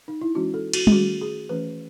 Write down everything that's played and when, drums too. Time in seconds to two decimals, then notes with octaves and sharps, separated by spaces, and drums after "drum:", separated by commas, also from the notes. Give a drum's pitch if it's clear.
0.08 D#4
0.21 E4
0.35 E3 G#3 C#4 F#4
0.54 A4
0.73 F#4, drum: cymbal
0.87 G#4, drum: tom G3
0.92 D#3 A3 C#4 F#4
1.21 G#4
1.49 E3 A3 C#4 B4